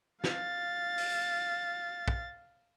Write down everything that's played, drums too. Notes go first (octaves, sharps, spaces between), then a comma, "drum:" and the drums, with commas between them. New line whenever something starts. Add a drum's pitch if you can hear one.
F5 A6, drum: snare
drum: open hi-hat
drum: kick